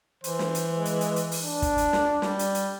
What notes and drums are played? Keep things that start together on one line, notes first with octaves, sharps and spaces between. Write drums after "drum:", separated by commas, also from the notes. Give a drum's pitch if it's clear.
E3 C5, drum: hi-hat
drum: snare
drum: hi-hat
G#3
drum: hi-hat
drum: hi-hat
drum: hi-hat
drum: open hi-hat
D4
drum: kick, hi-hat
drum: hi-hat
drum: snare
G3, drum: snare
drum: hi-hat
drum: hi-hat